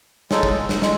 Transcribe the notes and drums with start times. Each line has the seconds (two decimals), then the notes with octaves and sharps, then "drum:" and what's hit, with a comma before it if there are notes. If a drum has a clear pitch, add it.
0.31 G#3 D#4 A4 C#5, drum: snare
0.43 drum: kick
0.69 drum: snare
0.82 G#3 D#5, drum: snare